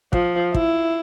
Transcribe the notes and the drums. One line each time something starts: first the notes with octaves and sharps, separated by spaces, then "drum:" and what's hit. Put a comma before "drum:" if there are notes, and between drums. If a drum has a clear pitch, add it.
F3, drum: kick
E4, drum: kick